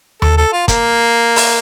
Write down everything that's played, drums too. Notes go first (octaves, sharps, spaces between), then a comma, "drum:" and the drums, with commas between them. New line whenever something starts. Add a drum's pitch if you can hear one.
A4, drum: tom D#2
A4
F4
A#3, drum: kick, hi-hat
drum: open hi-hat